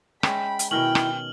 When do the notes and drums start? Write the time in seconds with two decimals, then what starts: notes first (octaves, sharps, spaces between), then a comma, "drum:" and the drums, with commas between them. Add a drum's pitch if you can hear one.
0.23 G#3 C#4 E5 G5 B5, drum: rim click
0.59 drum: hi-hat
0.71 B2 D#3 C#4 E4 G5 F6 F#7
0.95 drum: rim click